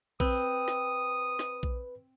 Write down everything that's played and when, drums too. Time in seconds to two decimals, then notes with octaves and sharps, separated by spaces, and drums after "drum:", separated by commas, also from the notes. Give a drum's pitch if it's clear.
0.20 C4 B4 D#6, drum: kick A#1
0.68 drum: snare
1.39 drum: snare
1.63 drum: kick A#1